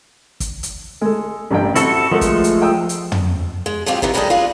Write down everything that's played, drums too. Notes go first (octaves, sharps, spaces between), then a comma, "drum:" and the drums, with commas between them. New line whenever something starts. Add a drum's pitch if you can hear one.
drum: kick, hi-hat
drum: hi-hat
G#3 A4
A1 G2 G5
C4 E4 F#4 A4, drum: hi-hat
F3 G#3 A3 A4 A#4 F#5
drum: kick, hi-hat
drum: hi-hat
G5 D#6 E6
drum: hi-hat
drum: tom
G#3
F3 F#3 G#3 C4 F4 G4
C3 D#3 E3, drum: kick
F#2 G3 G#3 B3 A4 D#5
F4 G#4 B4